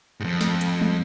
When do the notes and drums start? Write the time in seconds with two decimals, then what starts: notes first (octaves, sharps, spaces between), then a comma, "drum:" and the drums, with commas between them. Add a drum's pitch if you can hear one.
0.20 F2 G#2
0.41 drum: snare
0.61 drum: hi-hat
0.81 drum: tom